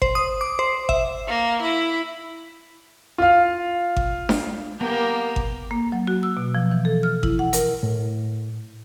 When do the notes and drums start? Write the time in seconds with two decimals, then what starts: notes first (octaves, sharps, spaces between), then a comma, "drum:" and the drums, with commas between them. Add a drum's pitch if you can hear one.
0.02 C5, drum: kick G#1
0.15 D#6
0.41 D6
0.59 C5
0.89 E5, drum: kick G#1
1.28 A#3
1.61 E4
3.18 F4 F5
3.97 drum: kick G#1
4.29 drum: snare D4
4.80 A#3 B3 G4
5.36 drum: kick G#1
5.71 A#3
5.92 F#3
6.07 F#4
6.23 E6
6.37 B2
6.55 F3
6.72 E3
6.85 A4
7.03 F6
7.23 E4, drum: kick G#1
7.39 F#5
7.53 A#4, drum: hi-hat
7.83 A2